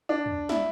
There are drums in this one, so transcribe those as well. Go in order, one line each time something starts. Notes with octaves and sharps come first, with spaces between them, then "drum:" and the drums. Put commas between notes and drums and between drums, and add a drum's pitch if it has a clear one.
D4
drum: tom
E4, drum: snare